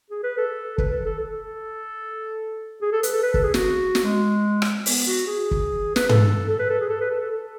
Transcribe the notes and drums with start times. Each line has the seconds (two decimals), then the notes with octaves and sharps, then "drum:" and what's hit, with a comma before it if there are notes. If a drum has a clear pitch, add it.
0.11 G#4
0.24 B4
0.38 A4
0.78 B4, drum: kick
0.92 A4
1.06 A4
1.19 A4
2.82 G#4
2.93 A4
3.03 B4, drum: hi-hat
3.12 A4
3.23 B4
3.34 A4, drum: kick
3.44 G#4
3.54 F#4, drum: snare
3.95 drum: snare
4.04 G#3
4.62 drum: rim click
4.86 B3, drum: open hi-hat
5.07 F#4
5.27 G#4
5.51 drum: kick
5.96 B4, drum: snare
6.09 A4, drum: tom
6.50 A4
6.60 B4
6.70 A4
6.81 G#4
6.90 A4
7.01 B4
7.10 A4
7.21 A4
7.31 A4